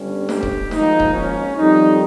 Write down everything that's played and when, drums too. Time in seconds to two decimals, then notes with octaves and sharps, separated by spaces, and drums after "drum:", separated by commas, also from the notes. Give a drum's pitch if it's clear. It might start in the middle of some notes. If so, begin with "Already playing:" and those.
Already playing: G1 G2 G3 C#4
0.29 G4, drum: snare
0.43 drum: kick D#1
0.71 G#1 G#2 F3 A#3 D#4, drum: snare
1.00 drum: kick D#1
1.14 C#4
1.56 F2 D#3 G3 D#4